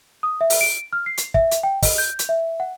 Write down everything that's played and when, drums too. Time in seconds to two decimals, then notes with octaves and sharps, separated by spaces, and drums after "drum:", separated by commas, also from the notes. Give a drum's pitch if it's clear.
0.23 D#6
0.41 E5
0.50 drum: open hi-hat
0.61 D7
0.93 F6
1.06 C7
1.17 drum: hi-hat
1.34 E5, drum: kick
1.51 drum: hi-hat
1.63 G5
1.82 D#5, drum: kick, open hi-hat
1.98 G6
2.19 drum: hi-hat
2.29 E5
2.60 F#5